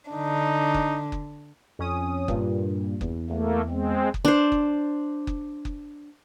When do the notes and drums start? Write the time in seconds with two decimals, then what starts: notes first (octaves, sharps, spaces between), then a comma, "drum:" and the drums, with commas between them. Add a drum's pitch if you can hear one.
0.11 D3 D4 D#4
0.74 drum: kick F#1
1.12 drum: kick F#1
1.79 F2 C#4 D#6
2.28 G2 A#2, drum: kick F#1
3.01 E2, drum: kick F#1
3.30 E2 A3 A#3
3.70 G#3 C4
4.14 drum: kick F#1
4.25 D4 C5
4.52 drum: kick F#1
5.27 drum: kick F#1
5.65 drum: kick F#1